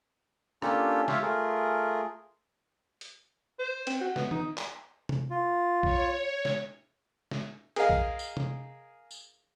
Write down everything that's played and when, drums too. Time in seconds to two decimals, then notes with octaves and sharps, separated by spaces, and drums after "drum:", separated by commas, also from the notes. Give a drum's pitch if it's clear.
0.62 A#3 C#4 D4 F4 G4 A4, drum: rim click
1.08 F4 G4 C#5 E5 F5, drum: snare
1.22 A3 F4 G#4 A#4
3.01 drum: hi-hat
3.59 C5
3.87 C4, drum: cymbal
4.01 F#4
4.16 B3, drum: snare
4.31 D#4, drum: tom
4.58 drum: clap
5.09 drum: tom
5.30 F4
5.83 C#5, drum: kick B1
6.45 drum: snare
7.31 drum: snare
7.76 G#4 A#4 D#5 F5, drum: cymbal
7.90 drum: kick B1
8.19 drum: tambourine
8.37 drum: tom
9.11 drum: tambourine